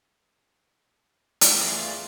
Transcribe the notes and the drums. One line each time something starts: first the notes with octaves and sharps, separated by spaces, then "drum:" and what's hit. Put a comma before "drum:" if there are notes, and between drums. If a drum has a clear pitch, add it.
drum: hi-hat
E2 E3 A3 F4 G#4 D5 F5